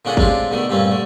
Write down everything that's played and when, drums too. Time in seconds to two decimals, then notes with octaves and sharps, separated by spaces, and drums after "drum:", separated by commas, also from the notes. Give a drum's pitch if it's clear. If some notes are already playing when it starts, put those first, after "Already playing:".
0.05 A#2 D3 C#4 D4 G#4 F#5
0.17 A2 G#3 C4 D4 F4 G4, drum: kick G#1
0.51 B2 D3 D#3 A3
0.69 G2 A#2 A3 C4 C#4
0.91 D3 A3